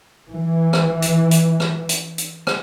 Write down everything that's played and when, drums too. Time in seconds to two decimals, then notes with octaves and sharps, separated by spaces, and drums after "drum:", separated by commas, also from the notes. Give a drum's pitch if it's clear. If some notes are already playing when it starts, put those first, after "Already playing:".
0.30 E3
0.73 drum: rim click
1.02 drum: hi-hat
1.31 drum: hi-hat
1.60 drum: rim click
1.89 drum: hi-hat
2.18 drum: hi-hat
2.47 drum: rim click